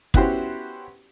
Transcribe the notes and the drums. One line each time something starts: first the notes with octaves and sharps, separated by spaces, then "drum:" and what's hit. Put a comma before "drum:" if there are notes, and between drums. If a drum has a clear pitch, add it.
B3 C#4 E4 F#4 G4 C5, drum: kick